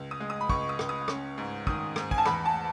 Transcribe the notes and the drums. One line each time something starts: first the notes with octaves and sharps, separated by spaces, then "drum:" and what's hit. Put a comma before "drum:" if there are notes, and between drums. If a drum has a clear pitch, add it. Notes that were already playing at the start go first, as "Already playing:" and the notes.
Already playing: C#2
D#6
G#3
D#6
B5
C#2 C#6, drum: kick
D#6
C#2, drum: rim click
D#6
C#4, drum: rim click
G#2
D#3 D#6, drum: kick
G#2, drum: rim click
G#5, drum: kick
A5
E2 B5, drum: rim click
A5